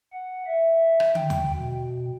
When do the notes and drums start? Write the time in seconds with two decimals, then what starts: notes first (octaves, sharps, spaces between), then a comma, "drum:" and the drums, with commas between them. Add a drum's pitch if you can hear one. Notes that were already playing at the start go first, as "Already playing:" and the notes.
0.13 F#5
0.47 E5
1.00 drum: rim click
1.15 G5, drum: tom
1.30 drum: tom D#2
1.54 B2